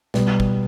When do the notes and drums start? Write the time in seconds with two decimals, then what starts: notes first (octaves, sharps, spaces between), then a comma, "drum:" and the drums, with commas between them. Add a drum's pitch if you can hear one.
0.14 B2 G3 B3, drum: snare
0.40 drum: kick